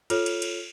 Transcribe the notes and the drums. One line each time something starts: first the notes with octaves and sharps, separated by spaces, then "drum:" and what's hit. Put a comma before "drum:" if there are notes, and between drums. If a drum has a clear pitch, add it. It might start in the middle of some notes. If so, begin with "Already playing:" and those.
F4 A4 C#5 F6, drum: cymbal
drum: cymbal
drum: cymbal